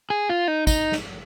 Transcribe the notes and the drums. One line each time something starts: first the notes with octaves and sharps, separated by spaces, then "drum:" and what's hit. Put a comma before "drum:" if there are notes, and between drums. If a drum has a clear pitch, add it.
G#4
F4
D#4
D#4, drum: kick, tambourine
drum: snare